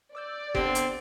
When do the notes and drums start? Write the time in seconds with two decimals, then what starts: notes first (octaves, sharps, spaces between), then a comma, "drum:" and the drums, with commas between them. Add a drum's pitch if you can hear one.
0.15 D5 D6 E6 G6
0.55 D3 B3 C4 G4, drum: kick F#1
0.75 drum: hi-hat